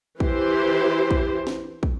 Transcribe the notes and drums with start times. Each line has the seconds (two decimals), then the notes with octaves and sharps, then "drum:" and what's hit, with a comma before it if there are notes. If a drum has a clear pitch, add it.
0.20 E3 G4 C5, drum: kick
1.11 drum: kick
1.47 drum: snare
1.83 drum: kick